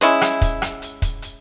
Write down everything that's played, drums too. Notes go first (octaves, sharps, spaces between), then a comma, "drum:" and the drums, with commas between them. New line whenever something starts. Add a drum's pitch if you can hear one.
G#3 C#4 E4, drum: hi-hat
drum: rim click
drum: kick, hi-hat
drum: rim click
drum: hi-hat
drum: kick, hi-hat
drum: hi-hat